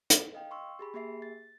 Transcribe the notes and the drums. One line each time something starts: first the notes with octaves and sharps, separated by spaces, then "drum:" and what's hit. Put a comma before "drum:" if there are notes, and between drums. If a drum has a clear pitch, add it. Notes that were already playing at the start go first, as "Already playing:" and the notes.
drum: hi-hat
D#5 F5 G5
C6 C#6 E6
G4 G#4 B5
A#3 G4 G#4 E5 C7
A6